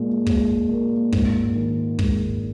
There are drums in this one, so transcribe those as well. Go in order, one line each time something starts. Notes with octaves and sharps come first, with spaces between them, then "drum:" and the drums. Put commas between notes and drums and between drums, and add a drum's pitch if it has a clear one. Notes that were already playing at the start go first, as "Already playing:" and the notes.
Already playing: A#2 G#3
G#3, drum: kick
A#2
G#2, drum: kick
D#3
G#2, drum: kick